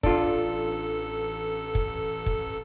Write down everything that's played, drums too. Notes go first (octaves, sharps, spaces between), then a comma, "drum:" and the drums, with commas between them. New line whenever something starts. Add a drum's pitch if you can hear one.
A1 D4 F4 A4, drum: kick
drum: kick
drum: kick